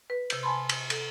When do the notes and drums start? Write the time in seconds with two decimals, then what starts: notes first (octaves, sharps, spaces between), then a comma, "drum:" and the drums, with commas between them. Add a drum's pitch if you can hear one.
0.10 B4
0.30 C3 G6, drum: cymbal
0.43 G#5 A5 B5 C6
0.69 drum: cymbal
0.90 A4, drum: cymbal